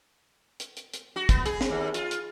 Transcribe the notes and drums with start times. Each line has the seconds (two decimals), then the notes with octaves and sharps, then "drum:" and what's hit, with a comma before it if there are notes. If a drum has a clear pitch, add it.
0.60 drum: hi-hat
0.77 drum: hi-hat
0.94 drum: hi-hat
1.16 F#4
1.29 B3, drum: kick, hi-hat
1.46 G#4, drum: hi-hat
1.61 drum: snare
1.70 D#2
1.94 F4, drum: hi-hat
2.11 drum: hi-hat